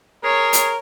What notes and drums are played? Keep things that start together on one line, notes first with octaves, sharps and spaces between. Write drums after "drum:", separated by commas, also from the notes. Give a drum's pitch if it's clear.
G#4 A#4 C#5
drum: hi-hat